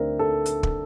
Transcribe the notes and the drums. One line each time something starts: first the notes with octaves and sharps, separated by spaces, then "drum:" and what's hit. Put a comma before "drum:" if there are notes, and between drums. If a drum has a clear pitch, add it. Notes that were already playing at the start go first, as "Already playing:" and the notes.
Already playing: D2 D3 A3 C4 A#4 C5 D5 E5
A4
drum: hi-hat
drum: kick